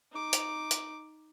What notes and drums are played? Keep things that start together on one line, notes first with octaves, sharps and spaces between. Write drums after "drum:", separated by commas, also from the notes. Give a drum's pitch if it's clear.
D#4 D6
drum: hi-hat
drum: hi-hat